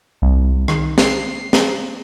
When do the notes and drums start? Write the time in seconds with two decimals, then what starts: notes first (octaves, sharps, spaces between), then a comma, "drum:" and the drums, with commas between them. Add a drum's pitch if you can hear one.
0.22 C2
0.68 D#3, drum: rim click
0.98 C7, drum: snare
1.53 drum: snare